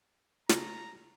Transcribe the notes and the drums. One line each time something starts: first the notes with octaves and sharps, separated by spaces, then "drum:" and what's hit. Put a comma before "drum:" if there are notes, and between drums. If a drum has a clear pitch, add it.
C#3 A3 A4 A#5, drum: snare